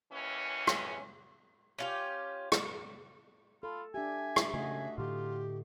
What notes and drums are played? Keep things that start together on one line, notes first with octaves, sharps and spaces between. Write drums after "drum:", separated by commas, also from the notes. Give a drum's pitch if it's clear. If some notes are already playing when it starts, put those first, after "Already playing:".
D#2 E3 C#4
drum: rim click
C#4 F4 G4
drum: rim click
F4 A4 B5
D4 G4 E5 G#5
drum: rim click
C#3 A3 F#4 D#5 G#5
A2 D3 F4 G4